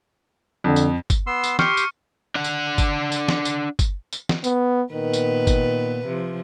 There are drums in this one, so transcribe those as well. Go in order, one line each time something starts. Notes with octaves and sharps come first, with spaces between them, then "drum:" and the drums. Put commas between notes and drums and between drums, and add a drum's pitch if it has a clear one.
F2 D3
drum: tambourine
drum: kick, tambourine
B3 C6 E6
drum: tambourine
G4 G5 C6 C#6 F6 C#7, drum: snare
drum: tambourine
D4 F#5
drum: tambourine
drum: kick, tambourine
drum: tambourine
drum: snare
drum: tambourine
drum: kick, tambourine
drum: tambourine
drum: snare
B3, drum: tambourine
A#2 D#3 B3 B4
drum: tambourine
drum: kick, tambourine
C3 F3